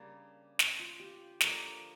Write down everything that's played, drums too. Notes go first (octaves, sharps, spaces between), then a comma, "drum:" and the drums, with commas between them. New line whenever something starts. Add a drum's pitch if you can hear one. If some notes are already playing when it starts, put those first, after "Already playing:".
Already playing: C#3 G3 A#3 D4
drum: snare
F4
G4
D3 F3 A#3, drum: snare